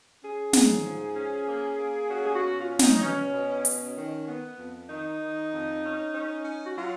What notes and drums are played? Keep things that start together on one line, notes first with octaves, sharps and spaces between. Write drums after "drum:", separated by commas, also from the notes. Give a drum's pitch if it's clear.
C#4 G#4
G#2, drum: snare
F3
C#4
A#3
A#3
C#4 F#4
G#4
F#4
B2
F4
C#4
D#4, drum: snare
D#4
B2 C#4
B2
C#4, drum: hi-hat
D#3
B3
F2
D#3 D#4
D#3
F2
C#4
C#4
C#4
F#4
F#3 F4